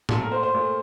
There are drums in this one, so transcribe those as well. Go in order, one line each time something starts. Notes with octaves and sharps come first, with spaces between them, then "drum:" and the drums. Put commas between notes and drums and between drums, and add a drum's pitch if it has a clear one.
A#2 A3 A4, drum: tom A2
A#4
C5
C5
A#2 A3